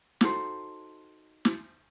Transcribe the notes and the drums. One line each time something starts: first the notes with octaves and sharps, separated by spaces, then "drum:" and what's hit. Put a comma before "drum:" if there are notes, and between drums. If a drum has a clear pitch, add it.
D#4 F#4 A4 C5, drum: snare
drum: snare